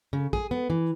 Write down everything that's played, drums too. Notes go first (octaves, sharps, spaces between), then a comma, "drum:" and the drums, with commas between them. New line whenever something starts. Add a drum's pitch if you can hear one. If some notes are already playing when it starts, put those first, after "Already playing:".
C#3
G#4, drum: kick
B3
E3